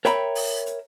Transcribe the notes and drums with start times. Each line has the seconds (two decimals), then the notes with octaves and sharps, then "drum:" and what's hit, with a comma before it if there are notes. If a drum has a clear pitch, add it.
0.05 A#4 C#5 E5 G5 A#5 B5, drum: hi-hat
0.35 drum: open hi-hat
0.66 drum: hi-hat